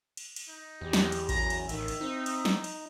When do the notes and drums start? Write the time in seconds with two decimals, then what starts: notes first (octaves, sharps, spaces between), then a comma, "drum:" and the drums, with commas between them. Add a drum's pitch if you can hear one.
0.17 drum: cymbal
0.36 drum: cymbal
0.49 D#4
0.81 E2 G4
0.93 drum: snare
1.12 drum: cymbal
1.29 F#2 A#5, drum: kick A1, cymbal
1.50 drum: cymbal
1.69 A1 D#3 E5, drum: cymbal
1.88 drum: cymbal
2.01 C4 D#4
2.26 drum: cymbal
2.45 drum: snare
2.64 drum: cymbal